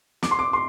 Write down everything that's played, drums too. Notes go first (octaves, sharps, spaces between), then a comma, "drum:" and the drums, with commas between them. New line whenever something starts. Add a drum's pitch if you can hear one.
D6, drum: snare
C6
D6
C6